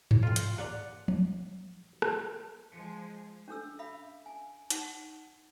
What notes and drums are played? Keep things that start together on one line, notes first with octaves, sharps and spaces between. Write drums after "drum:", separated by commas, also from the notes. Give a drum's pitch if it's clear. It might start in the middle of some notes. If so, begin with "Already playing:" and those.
drum: tom G2
F2 C4 F4
drum: hi-hat
D#2 D5 F#5 A#5
drum: tom
drum: rim click
F3 G#3
C#4 D4 A4 E6
E5 F5 B5
G#5
D#4 F#5, drum: hi-hat